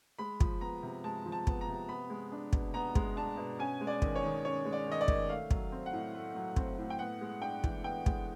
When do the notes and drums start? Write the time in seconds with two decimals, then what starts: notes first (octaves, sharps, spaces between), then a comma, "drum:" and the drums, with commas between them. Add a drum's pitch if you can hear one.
0.19 G#3 B5
0.40 F3, drum: kick
0.61 B3 A#5
0.83 C3
1.04 G#3 A5
1.26 F3
1.32 A5
1.47 B3, drum: kick
1.61 A#5
1.68 C3
1.89 B3 B5
2.10 G#3
2.32 D4
2.53 B2, drum: kick
2.74 B3 A#5
2.95 G#3, drum: kick
3.17 D4 A5
3.37 B2
3.59 C#4 G#5
3.81 G#3
3.87 D5
4.02 D#3, drum: kick
4.15 C#5
4.24 D#3
4.45 C#4 C#5
4.65 G#3
4.73 D5
4.87 D#3
4.92 D#5
5.01 D5
5.08 D#3, drum: kick
5.29 A3 F5
5.51 F#3, drum: kick
5.72 C4
5.86 F#5
5.93 A2
6.14 A3
6.35 F#3
6.56 C4, drum: kick
6.79 A2
6.90 G5
6.99 B3 F#5
7.21 G#3
7.41 D4 G5
7.64 E3, drum: kick
7.84 B3 G5
8.06 G#3, drum: kick